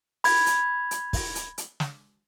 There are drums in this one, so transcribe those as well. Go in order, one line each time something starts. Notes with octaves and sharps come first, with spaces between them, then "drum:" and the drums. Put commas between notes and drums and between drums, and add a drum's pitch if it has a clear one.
B5 G#6, drum: open hi-hat
drum: hi-hat
drum: hi-hat
drum: kick, open hi-hat
drum: hi-hat
drum: hi-hat
drum: snare